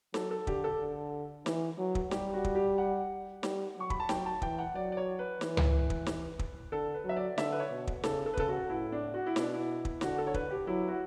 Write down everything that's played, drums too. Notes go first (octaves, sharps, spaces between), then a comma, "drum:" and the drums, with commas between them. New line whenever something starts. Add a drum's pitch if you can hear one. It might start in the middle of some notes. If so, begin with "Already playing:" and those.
F#3 A4, drum: snare
A4
D3 G4, drum: kick
A4
D3
E3, drum: snare
F#3
drum: kick
G3 G4, drum: snare
F#4
drum: kick
G4
F#5
G3, drum: snare
F#3 C#6
B5, drum: kick
A5
F#3 G5, drum: snare
A5
E3 G5, drum: kick
F#5
F#3 D5
D5
C#5
B4
E3, drum: snare
drum: tom C#2
drum: kick
drum: snare
drum: kick
D3 A4
B4
F#3 E5
D5
D3 E5, drum: snare
B4
C#5
B2
drum: kick
C#3 A4, drum: snare
A4
B4
C#3 A4, drum: kick
F#4
A2 E4
D4
F#4
E4
B2 D4, drum: snare
E4
drum: kick
D3 F#4, drum: snare
A4
C#5
B4, drum: kick
G4
F#3 E4
F#4